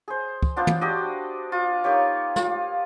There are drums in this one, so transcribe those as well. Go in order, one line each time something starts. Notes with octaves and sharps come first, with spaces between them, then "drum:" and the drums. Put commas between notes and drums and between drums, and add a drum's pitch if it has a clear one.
G#4 C5
drum: kick
B3 D4 F4 C5
drum: tom
D4 F#4 G4 D#5
F4
A#3 D#4 G4 C#5
F4, drum: snare